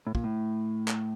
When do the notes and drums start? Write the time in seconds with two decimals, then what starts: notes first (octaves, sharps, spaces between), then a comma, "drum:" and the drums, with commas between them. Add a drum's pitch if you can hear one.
0.07 A2
0.15 A#2, drum: kick
0.24 A2
0.88 drum: clap